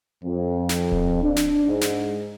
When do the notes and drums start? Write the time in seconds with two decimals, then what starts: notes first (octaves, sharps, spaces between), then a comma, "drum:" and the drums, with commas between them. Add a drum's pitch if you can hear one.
0.24 F2
0.69 drum: snare
0.92 drum: kick D1
1.22 D4
1.37 drum: snare
1.66 G#2
1.82 drum: snare